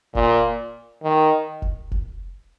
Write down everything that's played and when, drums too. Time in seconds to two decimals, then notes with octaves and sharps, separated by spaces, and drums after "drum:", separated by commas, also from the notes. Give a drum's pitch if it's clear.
0.15 A#2, drum: kick F1
1.04 D#3
1.62 drum: kick F1
1.92 drum: kick F1